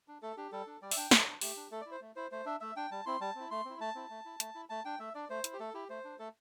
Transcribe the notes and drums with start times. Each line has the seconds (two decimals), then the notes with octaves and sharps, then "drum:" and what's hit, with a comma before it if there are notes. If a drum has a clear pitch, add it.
0.08 D4
0.22 A3 A4
0.37 D4 G4
0.52 G3 A4
0.67 D4
0.82 G3 D5
0.91 E5, drum: open hi-hat
0.96 D4 G5
1.11 A3 A4, drum: snare
1.27 D4
1.41 A3 G4, drum: open hi-hat
1.57 D4
1.71 A3 A4
1.81 D5
1.86 E4 C5
2.02 A3
2.16 E4 C5
2.32 A3 C5
2.46 D4 E5
2.61 A3 E5
2.76 D4 G5
2.91 G3 A5
3.06 C4 E4 C6
3.21 G3 A5
3.35 C4 E4
3.51 A3 C6
3.65 C4 E4
3.80 A3 A5
3.95 C4 E4
4.10 A3
4.25 E4
4.40 A3, drum: hi-hat
4.55 E4
4.70 A3 A5
4.85 D4 G5
4.99 A3 E5
5.15 D4 D5
5.30 A3 C5
5.44 E4, drum: hi-hat
5.53 G4
5.60 A3 A4
5.74 E4 G4
5.89 A3 C5
6.05 D4
6.19 A3 A4